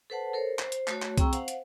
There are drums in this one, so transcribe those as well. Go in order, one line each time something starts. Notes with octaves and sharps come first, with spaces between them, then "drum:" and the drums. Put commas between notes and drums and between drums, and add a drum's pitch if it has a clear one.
A4 B4 C5 F#5 A5
A4 A#4 C5 C#5
C5, drum: clap
drum: hi-hat
A3 F#4 C#5, drum: clap
drum: clap
C4 G#4 G5 A#5 C#6 E6, drum: kick, hi-hat
C5 F5 F#5, drum: hi-hat
drum: hi-hat